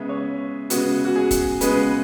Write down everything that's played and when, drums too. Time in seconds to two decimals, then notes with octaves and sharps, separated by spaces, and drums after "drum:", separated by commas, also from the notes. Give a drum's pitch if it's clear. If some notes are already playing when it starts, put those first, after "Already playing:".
Already playing: C#3 G#3 B3 E5
0.09 C#5
0.70 C#3 G#3 B3 F#4, drum: hi-hat
1.05 F#4
1.16 G#4
1.31 drum: kick, hi-hat
1.61 C#3 G#3 B3 B4, drum: hi-hat